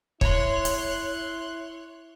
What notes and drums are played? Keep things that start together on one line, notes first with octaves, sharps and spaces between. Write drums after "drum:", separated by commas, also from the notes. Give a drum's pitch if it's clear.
E4 C#5 C6 F#6, drum: kick
drum: hi-hat